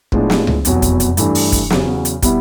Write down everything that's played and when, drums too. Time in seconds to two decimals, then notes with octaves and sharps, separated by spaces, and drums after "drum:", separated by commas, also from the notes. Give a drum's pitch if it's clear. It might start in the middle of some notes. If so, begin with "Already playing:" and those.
0.12 A2 F3 G#3 B3 D4, drum: kick
0.30 drum: snare
0.47 drum: tom C#2
0.65 F1 E2 B2 F#3, drum: hi-hat
0.82 drum: kick, hi-hat
1.00 drum: hi-hat
1.17 G2 E3 A3 D4, drum: hi-hat
1.35 drum: open hi-hat
1.52 drum: kick, hi-hat
1.70 E2 C#3 F#3, drum: snare
2.05 drum: hi-hat
2.22 B2 G3 B3 E4, drum: kick, hi-hat